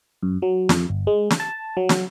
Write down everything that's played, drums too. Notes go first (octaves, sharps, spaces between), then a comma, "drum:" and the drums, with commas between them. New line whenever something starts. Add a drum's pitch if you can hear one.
F#2
F#3
F2, drum: snare
G1
G#3
drum: snare
A5
F#3
drum: snare